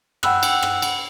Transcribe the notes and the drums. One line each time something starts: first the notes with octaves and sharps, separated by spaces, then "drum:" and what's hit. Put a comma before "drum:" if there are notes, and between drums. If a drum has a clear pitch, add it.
F#5 G5 B5 E6 F#6, drum: rim click
drum: cymbal
drum: rim click
drum: cymbal